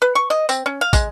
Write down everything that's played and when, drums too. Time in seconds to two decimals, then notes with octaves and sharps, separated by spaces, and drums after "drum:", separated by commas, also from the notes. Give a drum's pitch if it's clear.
0.02 B4
0.15 C#6
0.30 D#5
0.49 C4, drum: tambourine
0.66 C#4
0.81 F5
0.93 G#3, drum: kick, tambourine